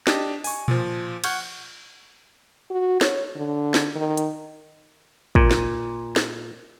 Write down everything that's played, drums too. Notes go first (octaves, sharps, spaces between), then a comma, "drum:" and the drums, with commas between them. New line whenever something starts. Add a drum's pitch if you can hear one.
D4 G4 D#5 A5, drum: snare
G#5 C#6, drum: open hi-hat
A#2 F3, drum: tom A#2
F#5 C#6 F6 G6 G#6, drum: cymbal
F#4
C#5, drum: snare
D3
drum: snare
D#3
drum: hi-hat
A#2, drum: kick
drum: snare
drum: snare